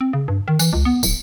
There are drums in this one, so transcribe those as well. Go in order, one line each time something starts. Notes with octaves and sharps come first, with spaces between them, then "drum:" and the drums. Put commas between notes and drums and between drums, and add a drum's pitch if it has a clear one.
C4
C#3
G2
D#3
E3, drum: tambourine
C#2
B3
D1, drum: tambourine